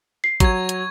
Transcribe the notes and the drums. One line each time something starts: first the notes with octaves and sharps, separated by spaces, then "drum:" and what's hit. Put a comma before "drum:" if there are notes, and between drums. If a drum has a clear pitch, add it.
C7
F#3 C#6 G#6, drum: kick G#1, hi-hat
drum: hi-hat